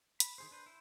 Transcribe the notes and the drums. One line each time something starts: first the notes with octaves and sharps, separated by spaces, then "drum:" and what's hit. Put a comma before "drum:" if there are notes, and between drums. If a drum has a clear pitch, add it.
B5, drum: hi-hat
D#3 G#4 C5
D4 B4 C5
E4 C5